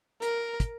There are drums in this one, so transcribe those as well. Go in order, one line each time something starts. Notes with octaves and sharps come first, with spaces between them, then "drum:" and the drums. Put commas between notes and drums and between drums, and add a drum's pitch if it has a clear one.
A#4, drum: hi-hat
drum: kick, hi-hat